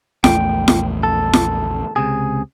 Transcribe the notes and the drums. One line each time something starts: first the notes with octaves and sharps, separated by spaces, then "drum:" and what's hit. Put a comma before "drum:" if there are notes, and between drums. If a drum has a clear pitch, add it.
A#1 E2 A3 G5, drum: snare
drum: snare
A4
drum: snare
C#2 C3 G#4